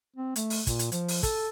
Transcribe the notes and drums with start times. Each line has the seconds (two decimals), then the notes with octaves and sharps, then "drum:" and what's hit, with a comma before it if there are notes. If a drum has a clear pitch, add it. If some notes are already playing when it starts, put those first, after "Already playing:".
0.16 C4
0.36 A3, drum: hi-hat
0.50 drum: open hi-hat
0.67 A#2, drum: kick, hi-hat
0.79 drum: hi-hat
0.92 F3, drum: hi-hat
1.08 drum: open hi-hat
1.23 A4, drum: kick, hi-hat